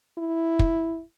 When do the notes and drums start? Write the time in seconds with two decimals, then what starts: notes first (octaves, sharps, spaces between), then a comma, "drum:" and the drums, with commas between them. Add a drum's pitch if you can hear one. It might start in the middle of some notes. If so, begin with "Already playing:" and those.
0.18 E4
0.59 drum: kick